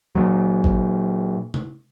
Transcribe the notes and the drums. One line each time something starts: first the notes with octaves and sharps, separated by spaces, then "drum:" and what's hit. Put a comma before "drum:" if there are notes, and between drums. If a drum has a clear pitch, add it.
A#2 F#3
drum: kick G#1
drum: tom C3